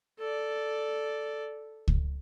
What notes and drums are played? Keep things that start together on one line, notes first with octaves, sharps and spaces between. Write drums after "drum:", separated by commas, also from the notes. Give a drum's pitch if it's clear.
A4 D5
drum: kick C#2